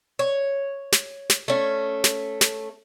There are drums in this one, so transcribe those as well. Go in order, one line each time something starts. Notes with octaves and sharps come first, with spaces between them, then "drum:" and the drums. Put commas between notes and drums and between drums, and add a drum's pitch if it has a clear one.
C#5
drum: snare
drum: snare
A3 C#4
drum: snare
drum: snare